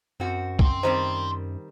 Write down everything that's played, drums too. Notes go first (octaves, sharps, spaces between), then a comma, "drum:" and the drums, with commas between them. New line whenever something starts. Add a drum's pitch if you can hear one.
F#2 C4 F#4
G5 C6, drum: kick C2
D#3 G3 C4 C5